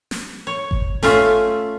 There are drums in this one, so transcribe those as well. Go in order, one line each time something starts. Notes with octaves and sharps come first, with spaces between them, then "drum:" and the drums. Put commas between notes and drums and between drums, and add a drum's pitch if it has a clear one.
drum: snare
C#5
drum: kick G1
A3 C#4 F4 E5, drum: snare